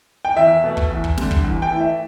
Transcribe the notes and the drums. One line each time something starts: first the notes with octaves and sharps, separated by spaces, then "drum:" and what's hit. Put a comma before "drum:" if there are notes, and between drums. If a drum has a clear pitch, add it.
G5
E2 E5
B2 A3
drum: kick
E2
drum: kick
D3 G3, drum: snare
drum: kick
E2
G5
E3 A3 E4
E5